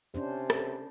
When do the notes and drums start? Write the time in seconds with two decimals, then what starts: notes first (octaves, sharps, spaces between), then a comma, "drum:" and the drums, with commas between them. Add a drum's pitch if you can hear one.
0.14 C3 C#4 D4 C5
0.50 drum: rim click